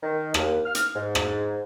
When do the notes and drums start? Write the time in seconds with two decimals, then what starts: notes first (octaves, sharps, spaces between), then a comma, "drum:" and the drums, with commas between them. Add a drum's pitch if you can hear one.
0.03 D#3
0.34 D#2, drum: rim click
0.65 F6
0.75 drum: hi-hat
0.96 G#2
1.15 drum: rim click